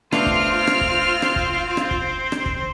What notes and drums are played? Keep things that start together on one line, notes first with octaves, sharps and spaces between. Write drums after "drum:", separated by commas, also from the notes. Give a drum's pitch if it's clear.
A3 B3 C4 D4 F4 C5 F6, drum: rim click
drum: kick
drum: rim click
drum: kick
drum: rim click
drum: kick
drum: rim click
drum: kick
drum: rim click
drum: kick